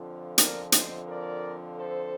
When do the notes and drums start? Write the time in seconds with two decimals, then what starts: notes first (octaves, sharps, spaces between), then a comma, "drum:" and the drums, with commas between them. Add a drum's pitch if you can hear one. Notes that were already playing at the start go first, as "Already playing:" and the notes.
Already playing: F2 D3 F3
0.38 A#4 D5, drum: hi-hat
0.72 C5 D#5, drum: hi-hat
1.07 A#4 D5
1.77 A4 C5